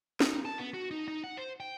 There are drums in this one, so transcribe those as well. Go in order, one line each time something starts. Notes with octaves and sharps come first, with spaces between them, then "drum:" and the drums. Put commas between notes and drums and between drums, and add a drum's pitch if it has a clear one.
D#4, drum: snare
A5
B3
F#4
D#4
D#4
F#5
C5
G5